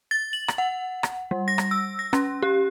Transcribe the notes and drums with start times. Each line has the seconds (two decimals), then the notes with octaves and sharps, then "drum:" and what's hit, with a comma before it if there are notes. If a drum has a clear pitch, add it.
0.11 A6
0.33 F#7
0.48 drum: rim click
0.58 F#5
1.03 drum: rim click
1.31 G3
1.48 A#6
1.58 drum: rim click
1.71 E6
1.99 A#6
2.13 C#4, drum: rim click
2.43 G4